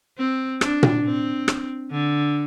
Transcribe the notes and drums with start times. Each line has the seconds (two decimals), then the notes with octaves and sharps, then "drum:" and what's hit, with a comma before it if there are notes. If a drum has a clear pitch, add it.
0.18 C4
0.61 D4, drum: rim click
0.83 drum: tom A#2
1.05 C4
1.48 drum: rim click
1.91 D3